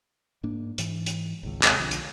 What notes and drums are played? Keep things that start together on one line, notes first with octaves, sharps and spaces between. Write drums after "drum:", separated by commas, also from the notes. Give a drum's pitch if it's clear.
G#2 A#3 D4
G#2 E3, drum: hi-hat
drum: hi-hat
G#1 C#2
D#2 C3 G#3 C4, drum: clap
B1 D3 F3
drum: hi-hat